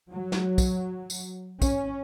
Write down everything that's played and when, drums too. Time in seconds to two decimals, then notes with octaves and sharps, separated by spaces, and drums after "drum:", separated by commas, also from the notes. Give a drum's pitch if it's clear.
0.11 F#3
0.32 drum: snare
0.58 drum: kick, tambourine
1.10 drum: tambourine
1.62 C#4, drum: kick, tambourine